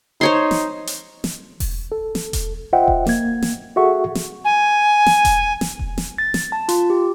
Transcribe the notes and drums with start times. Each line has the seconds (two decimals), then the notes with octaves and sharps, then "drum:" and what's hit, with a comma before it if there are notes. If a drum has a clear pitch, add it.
0.21 D#4 C5 C#5 C6
0.51 drum: snare
0.87 drum: hi-hat
1.24 drum: snare
1.60 drum: kick E1, open hi-hat
1.92 A4
2.15 drum: snare
2.33 drum: kick E1, hi-hat
2.73 F4 C5 D#5 E5 F#5 G5
2.88 drum: kick E1
3.07 A#3 G#6, drum: snare
3.42 drum: snare
3.76 F#4 G#4 A4 E5 F#5 C#6
4.15 drum: snare
4.44 G#5
5.06 drum: snare
5.25 drum: kick E1, hi-hat
5.61 drum: snare
5.79 drum: kick E1
5.98 drum: snare
6.18 A6
6.34 drum: snare
6.52 A5
6.69 F4, drum: hi-hat
6.90 G4